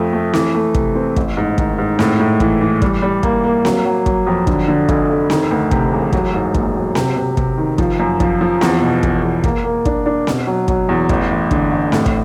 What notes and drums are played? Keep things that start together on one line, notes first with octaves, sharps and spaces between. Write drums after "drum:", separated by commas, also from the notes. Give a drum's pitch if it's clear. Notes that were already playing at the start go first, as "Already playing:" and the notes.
Already playing: F2 F3 A3
A3
E3, drum: snare C4
A3
C3, drum: kick
C4
A1, drum: kick
G#2
D#3, drum: kick
G#2
A2, drum: snare C4
A2
E3, drum: kick
E3
G3, drum: kick
G3
A#3, drum: kick
A#3
F#3, drum: snare C4
F#3
F#3, drum: kick
F2
D3, drum: kick
D3
F1, drum: kick
F1
D#3, drum: snare C4
D2
C3, drum: kick
E1
F#3, drum: kick
G#2
A#1, drum: kick
F#3
C3, drum: snare C4
C3
C3, drum: kick
D#3
F3, drum: kick
F#2
F3, drum: kick
F3
E2, drum: snare C4
B2
E1, drum: kick
E2
A#3, drum: kick
A#3
D4, drum: kick
D4
B2, drum: snare C4
F#3
F#3, drum: kick
E2
A1, drum: kick
A1
D3, drum: kick
A1
A2, drum: snare C4
drum: kick